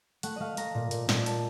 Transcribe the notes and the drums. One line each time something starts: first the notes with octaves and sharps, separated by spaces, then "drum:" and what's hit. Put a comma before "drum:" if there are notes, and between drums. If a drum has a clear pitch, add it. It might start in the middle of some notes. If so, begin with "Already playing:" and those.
A3 F#5, drum: hi-hat
A3 D#5 F5
A3 A#5, drum: hi-hat
A#2
A#2, drum: hi-hat
A#2, drum: snare
A5, drum: hi-hat